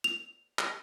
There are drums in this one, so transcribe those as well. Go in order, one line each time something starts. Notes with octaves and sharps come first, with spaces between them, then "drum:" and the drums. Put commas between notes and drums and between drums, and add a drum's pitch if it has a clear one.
F7
drum: clap